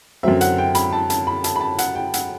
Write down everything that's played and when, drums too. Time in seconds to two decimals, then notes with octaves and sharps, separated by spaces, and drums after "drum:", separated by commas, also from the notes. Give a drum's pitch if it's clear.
0.23 F#2 D3 F#3 C4 E5
0.41 F#5, drum: hi-hat
0.58 G5
0.75 B5, drum: hi-hat
0.93 A5
1.10 A5, drum: hi-hat
1.27 B5
1.44 A5, drum: hi-hat
1.56 B5
1.61 A5
1.78 F#5, drum: hi-hat
1.95 G5
2.14 F#5, drum: hi-hat